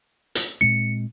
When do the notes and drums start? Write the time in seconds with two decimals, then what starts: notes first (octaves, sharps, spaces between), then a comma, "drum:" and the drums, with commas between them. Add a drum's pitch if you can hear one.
0.35 drum: hi-hat
0.61 A#2 G#3 C4 C#7